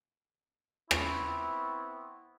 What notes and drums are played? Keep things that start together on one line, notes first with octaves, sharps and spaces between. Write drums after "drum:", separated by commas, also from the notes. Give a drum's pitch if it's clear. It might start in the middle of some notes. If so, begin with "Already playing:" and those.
B3 C4 E4 C#6, drum: rim click